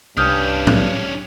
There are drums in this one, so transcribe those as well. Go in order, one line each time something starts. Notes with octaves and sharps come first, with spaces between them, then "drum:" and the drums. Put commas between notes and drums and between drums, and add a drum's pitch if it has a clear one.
C2 G2 C#4 D4 D#6 F6 G6
drum: tom